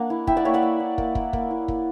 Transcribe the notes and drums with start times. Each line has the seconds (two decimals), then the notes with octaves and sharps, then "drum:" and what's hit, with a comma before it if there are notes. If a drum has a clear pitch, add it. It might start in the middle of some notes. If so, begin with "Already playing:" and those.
Already playing: A#3 D4 F#5
0.10 E4
0.27 E4 E5 G5, drum: kick
0.37 D5 F#5
0.45 A#3 C#5 E5
0.54 D5 F#5
0.62 A#3
0.80 E4
0.98 A#3, drum: kick
1.15 E4, drum: kick
1.33 A#3, drum: kick
1.51 E4
1.68 A#3, drum: kick